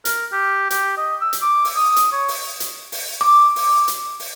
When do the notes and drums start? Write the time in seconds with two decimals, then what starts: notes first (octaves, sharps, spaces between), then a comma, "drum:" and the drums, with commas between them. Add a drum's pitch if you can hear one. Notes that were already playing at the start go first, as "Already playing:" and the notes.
0.05 A#4, drum: hi-hat
0.33 G4
0.70 G4, drum: hi-hat
0.98 D#5
1.21 E6
1.33 drum: hi-hat
1.42 D6
1.65 drum: open hi-hat
1.76 D#6
1.96 drum: hi-hat
2.12 C#5
2.28 drum: open hi-hat
2.60 drum: hi-hat
2.92 drum: open hi-hat
3.21 D6
3.56 drum: open hi-hat
3.88 drum: hi-hat
4.20 drum: open hi-hat